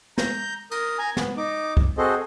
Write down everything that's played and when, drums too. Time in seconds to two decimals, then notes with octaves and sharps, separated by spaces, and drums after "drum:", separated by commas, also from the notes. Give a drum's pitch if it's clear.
0.18 A#5 G6, drum: snare
0.71 A#4 D#6, drum: cymbal
0.99 G#5 A#5
1.17 B3, drum: snare
1.37 D#4 D6
1.77 drum: kick
1.98 C4 F#4 G#4 A4 C5 D#5